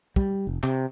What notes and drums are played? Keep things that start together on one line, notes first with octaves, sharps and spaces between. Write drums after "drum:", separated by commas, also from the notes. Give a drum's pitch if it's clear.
G3, drum: kick
F1
C3, drum: clap